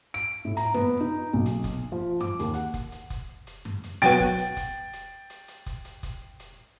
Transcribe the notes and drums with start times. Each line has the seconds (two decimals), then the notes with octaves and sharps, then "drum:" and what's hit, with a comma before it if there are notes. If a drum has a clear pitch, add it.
0.14 D7
0.45 A2
0.57 A#5, drum: hi-hat
0.74 B3, drum: tom F#2
1.00 D#4
1.33 B1
1.46 drum: hi-hat
1.64 drum: kick F1, hi-hat
1.92 F3
2.21 D6, drum: tom F#2
2.39 D#2, drum: hi-hat
2.54 F#5, drum: hi-hat
2.74 drum: kick F1, hi-hat
2.92 drum: hi-hat
3.10 drum: kick F1, hi-hat
3.47 drum: hi-hat
3.65 drum: tom F#2
3.83 drum: hi-hat
4.02 B2 F#3 B3 G5 A6 D7, drum: hi-hat
4.20 drum: kick F1, hi-hat
4.38 drum: hi-hat
4.57 drum: kick F1, hi-hat
4.93 drum: hi-hat
5.30 drum: hi-hat
5.48 drum: hi-hat
5.66 drum: kick F1, hi-hat
5.85 drum: hi-hat
6.03 drum: kick F1, hi-hat
6.40 drum: hi-hat